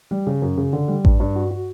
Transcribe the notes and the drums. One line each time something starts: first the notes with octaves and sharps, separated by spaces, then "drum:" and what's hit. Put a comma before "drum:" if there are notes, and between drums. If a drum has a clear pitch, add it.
G3
C#3
F#2
C#3
D3
G3
G2, drum: kick A1
G2
F#4
F#4